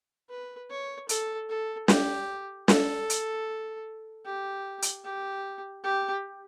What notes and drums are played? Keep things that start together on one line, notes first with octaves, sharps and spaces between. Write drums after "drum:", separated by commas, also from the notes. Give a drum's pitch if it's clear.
B4
C#5
A4, drum: hi-hat
A4
G4, drum: snare
A4, drum: snare
drum: hi-hat
G4
drum: hi-hat
G4
G4